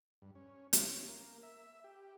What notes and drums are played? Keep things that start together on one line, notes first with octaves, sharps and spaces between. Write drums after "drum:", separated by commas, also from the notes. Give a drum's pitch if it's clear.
G2
C#4
C#4, drum: hi-hat
A#3
E5
G4